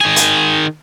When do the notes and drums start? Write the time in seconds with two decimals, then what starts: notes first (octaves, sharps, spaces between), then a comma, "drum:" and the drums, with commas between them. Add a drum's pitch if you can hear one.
0.01 D#3 G#4
0.16 drum: hi-hat